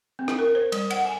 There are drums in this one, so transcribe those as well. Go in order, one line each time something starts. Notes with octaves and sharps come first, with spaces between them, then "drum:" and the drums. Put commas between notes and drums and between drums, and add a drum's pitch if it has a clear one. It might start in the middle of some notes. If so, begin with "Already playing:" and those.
C4
drum: rim click
A#4
C5
G3, drum: cymbal
F#5, drum: cymbal
G#5